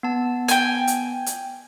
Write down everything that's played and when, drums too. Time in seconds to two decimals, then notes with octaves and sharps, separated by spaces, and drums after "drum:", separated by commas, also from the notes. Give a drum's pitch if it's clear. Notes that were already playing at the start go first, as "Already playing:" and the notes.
0.03 B3 A5
0.48 G5 G#5, drum: hi-hat
0.87 drum: hi-hat
1.26 drum: hi-hat